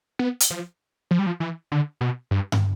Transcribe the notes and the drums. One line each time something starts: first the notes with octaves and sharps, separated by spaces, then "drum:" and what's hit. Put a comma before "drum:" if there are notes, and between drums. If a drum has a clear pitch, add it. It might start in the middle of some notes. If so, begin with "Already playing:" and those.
B3
drum: hi-hat
F3
F3
G3
F3
E3
D3
B2
G2
drum: tom G2